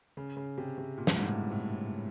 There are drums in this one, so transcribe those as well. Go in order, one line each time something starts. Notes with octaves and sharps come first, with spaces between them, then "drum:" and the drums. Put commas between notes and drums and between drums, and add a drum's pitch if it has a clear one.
C#3
C#3
C3
C3
A#2
G2, drum: snare
G#2
A2
A2